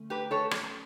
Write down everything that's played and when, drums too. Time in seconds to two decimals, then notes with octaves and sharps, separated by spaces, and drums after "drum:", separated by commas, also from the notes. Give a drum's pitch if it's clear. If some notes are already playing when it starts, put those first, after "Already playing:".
Already playing: D3 A3 C#4
0.10 G4 B4
0.31 A4 C#5
0.51 drum: rim click